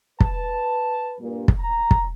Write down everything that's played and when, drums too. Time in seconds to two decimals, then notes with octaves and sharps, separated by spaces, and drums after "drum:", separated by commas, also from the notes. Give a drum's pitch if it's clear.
0.20 B4 A5, drum: kick
1.20 G2 A#2
1.48 drum: kick
1.60 A#5
1.91 drum: kick